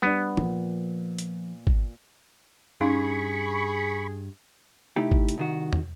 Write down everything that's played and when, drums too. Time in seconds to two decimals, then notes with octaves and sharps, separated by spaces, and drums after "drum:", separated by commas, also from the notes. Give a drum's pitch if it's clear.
0.02 G3 B3 D4
0.37 A#2 F3, drum: tom
1.19 drum: hi-hat
1.67 drum: kick G#1
2.81 G2 C#4 D#4 G#4 F5 B5 C#6
4.96 C3 A3 D#4 E4 G4
5.11 drum: kick G#1
5.29 drum: hi-hat
5.38 C2 D#3 F#4
5.73 drum: tom